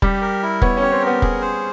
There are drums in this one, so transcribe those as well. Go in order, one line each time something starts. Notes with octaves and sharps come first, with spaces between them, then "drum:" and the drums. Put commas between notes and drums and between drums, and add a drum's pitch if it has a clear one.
G3 G4, drum: kick
A#4
E4
B3 C#5, drum: kick
C#4
G4
C4
A#4
B3
G#4, drum: kick
C5